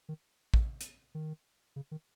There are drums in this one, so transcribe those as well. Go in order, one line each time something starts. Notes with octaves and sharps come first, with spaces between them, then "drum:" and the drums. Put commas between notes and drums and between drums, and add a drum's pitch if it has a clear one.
D#3
drum: kick
drum: hi-hat
D#3
C#3
D#3